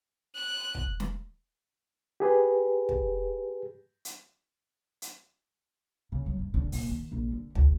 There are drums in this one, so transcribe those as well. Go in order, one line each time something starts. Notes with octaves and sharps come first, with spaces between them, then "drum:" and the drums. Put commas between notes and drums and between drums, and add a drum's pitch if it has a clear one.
F#6
drum: kick
drum: snare
G4 G#4 B4
drum: kick
drum: hi-hat
drum: hi-hat
C#3
F#3
G2
D3
A#2, drum: open hi-hat
D#3
A#1
D3
D2, drum: kick